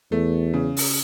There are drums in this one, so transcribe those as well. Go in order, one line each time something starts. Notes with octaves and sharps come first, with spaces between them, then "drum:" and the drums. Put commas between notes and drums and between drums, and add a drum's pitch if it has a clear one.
E2 A3
C#3
drum: open hi-hat